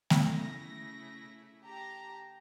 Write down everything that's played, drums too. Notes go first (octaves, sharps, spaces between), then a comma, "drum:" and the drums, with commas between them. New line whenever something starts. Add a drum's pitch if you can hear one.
drum: snare A3
C#3 A3 E4 A#6
G4 A5 A#5